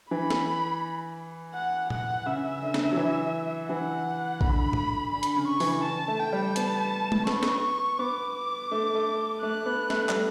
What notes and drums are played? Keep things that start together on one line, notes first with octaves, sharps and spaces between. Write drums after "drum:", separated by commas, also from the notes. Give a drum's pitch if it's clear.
E3 B5
drum: snare
F#5
F#5, drum: tom A#2
C#3 E5
D3
drum: snare
F#3
E3
E3 F#5
D3 B5, drum: kick A#1
drum: tom
D3 B5
drum: hi-hat
C#3
C#6
E3, drum: open hi-hat
A5
A3
G5
G3
B3 A5, drum: hi-hat
drum: tom
B3 C#6, drum: snare
drum: snare
B3 D6
D6
A3
A3
A3 F#6
B3
A3, drum: snare
G3, drum: clap
A3